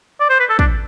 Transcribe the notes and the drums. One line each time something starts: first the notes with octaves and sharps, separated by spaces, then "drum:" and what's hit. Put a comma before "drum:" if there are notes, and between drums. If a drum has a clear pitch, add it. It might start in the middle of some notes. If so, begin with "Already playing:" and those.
D5
C5
B4
A4
D4, drum: kick